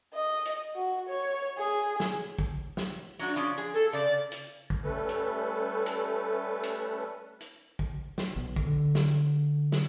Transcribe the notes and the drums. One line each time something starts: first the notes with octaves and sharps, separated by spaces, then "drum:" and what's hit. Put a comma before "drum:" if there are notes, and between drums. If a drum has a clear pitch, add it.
D#5
drum: hi-hat
F#4
C#5
G#4
drum: snare
drum: kick
drum: snare
F#3 D4 F#4
F3 C#4 D5
G#4
A4
C#3 D5
drum: hi-hat
drum: kick
G3 A3 C#4 A4 B4
drum: hi-hat
drum: hi-hat
drum: hi-hat
drum: hi-hat
drum: kick
drum: snare
B1
drum: kick
D3
drum: snare
drum: snare